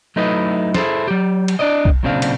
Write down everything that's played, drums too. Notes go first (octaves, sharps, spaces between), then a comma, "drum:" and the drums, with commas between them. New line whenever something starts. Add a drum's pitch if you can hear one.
F#3 A3 D#4 E4 B4 D#5
E4 G#4 A4 C5, drum: snare
F#3 G4
drum: cymbal
D4 D5 D#5
drum: kick B1
B1 A#2 C#3 C4 D4 F5
drum: cymbal